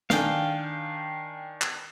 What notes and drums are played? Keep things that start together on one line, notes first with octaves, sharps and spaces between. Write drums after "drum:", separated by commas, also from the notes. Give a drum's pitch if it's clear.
D#3 D4 F5 G5 G#5, drum: snare
drum: clap